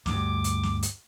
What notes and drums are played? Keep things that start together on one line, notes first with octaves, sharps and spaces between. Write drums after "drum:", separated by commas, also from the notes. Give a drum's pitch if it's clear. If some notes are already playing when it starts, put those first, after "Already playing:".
D2 G2 D6, drum: snare
drum: hi-hat
drum: snare
drum: hi-hat